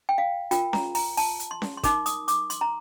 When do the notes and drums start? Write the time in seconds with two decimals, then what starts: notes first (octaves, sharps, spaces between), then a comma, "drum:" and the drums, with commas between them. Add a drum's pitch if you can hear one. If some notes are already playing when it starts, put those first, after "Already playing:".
0.09 G5
0.18 F5
0.51 F4 A#4 G5, drum: hi-hat
0.73 A#5, drum: snare C#4
0.95 A#5, drum: open hi-hat
1.17 A5, drum: open hi-hat
1.40 drum: hi-hat
1.51 C6
1.62 drum: snare C#4
1.77 C6
1.83 D#4 A#4 D6, drum: kick, hi-hat
2.06 D#6, drum: hi-hat
2.28 D6, drum: hi-hat
2.50 C6, drum: hi-hat
2.61 A#5